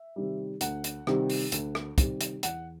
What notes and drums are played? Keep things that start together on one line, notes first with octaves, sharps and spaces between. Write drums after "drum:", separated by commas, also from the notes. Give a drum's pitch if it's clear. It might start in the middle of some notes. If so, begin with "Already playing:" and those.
Already playing: E5
C3 D#3 G3
D2 F#5, drum: hi-hat
drum: hi-hat
C3 D#3 G3, drum: rim click
drum: open hi-hat
D2, drum: hi-hat
drum: rim click
C3 D#3 G3, drum: kick, hi-hat
drum: hi-hat
E2 F#5, drum: hi-hat